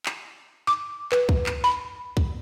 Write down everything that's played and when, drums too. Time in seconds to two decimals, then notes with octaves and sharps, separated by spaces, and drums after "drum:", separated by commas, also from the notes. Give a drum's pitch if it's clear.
0.06 drum: clap
0.67 D6
1.12 B4, drum: clap
1.29 drum: kick C2
1.46 drum: clap
1.64 B5
2.17 drum: kick C2